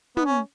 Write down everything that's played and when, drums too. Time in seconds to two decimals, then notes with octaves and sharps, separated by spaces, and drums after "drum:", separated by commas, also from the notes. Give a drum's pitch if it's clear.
0.17 B3, drum: tom
0.26 C#4